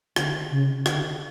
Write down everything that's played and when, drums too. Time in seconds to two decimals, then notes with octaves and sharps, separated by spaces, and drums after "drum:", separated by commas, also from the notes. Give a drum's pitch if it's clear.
0.16 D3, drum: rim click
0.51 C#3
0.86 D3, drum: rim click